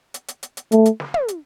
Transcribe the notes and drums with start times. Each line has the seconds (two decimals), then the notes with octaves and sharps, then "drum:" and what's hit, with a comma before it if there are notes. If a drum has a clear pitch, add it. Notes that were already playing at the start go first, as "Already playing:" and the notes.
0.14 drum: hi-hat
0.28 drum: hi-hat
0.43 drum: hi-hat
0.57 drum: hi-hat
0.72 A3, drum: hi-hat
0.85 drum: hi-hat
1.00 drum: snare
1.14 drum: tom
1.28 drum: hi-hat